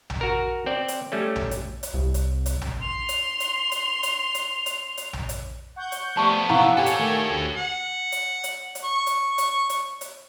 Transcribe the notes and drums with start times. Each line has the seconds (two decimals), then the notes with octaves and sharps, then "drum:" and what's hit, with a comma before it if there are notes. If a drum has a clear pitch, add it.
0.10 drum: tom A#1
0.21 F#4 A#4
0.66 C4 D5
0.88 drum: hi-hat
1.12 G3 A3 C#4
1.36 drum: tom A#1
1.51 drum: hi-hat
1.83 drum: hi-hat
1.94 C2
2.14 drum: hi-hat
2.46 drum: hi-hat
2.61 drum: tom A#1
2.82 C6 F7
3.09 drum: hi-hat
3.40 drum: hi-hat
3.72 drum: hi-hat
4.03 drum: hi-hat
4.35 drum: hi-hat
4.66 drum: hi-hat
4.97 drum: hi-hat
5.13 drum: tom A#1
5.29 drum: hi-hat
5.76 F#5 C#6 G6
5.92 drum: hi-hat
6.17 F3 G3 A3 B3 A5 C#6
6.49 C3 E3 F5 F#5 A#5 C#6 E6 F#6
6.77 G4 A4 C#5 G#5
6.86 drum: hi-hat
6.99 D#3 A3 G#6
7.30 D2 F#4
7.55 F#5
8.12 drum: hi-hat
8.44 drum: hi-hat
8.75 drum: hi-hat
8.85 C#6
9.07 drum: hi-hat
9.38 drum: hi-hat
9.69 drum: hi-hat
10.01 drum: hi-hat